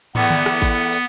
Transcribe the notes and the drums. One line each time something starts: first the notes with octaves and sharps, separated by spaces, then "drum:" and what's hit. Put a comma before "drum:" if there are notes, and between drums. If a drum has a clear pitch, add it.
E2 E3 A3 B3, drum: tom
drum: tom D3
drum: rim click
drum: kick G#1, tambourine
drum: tambourine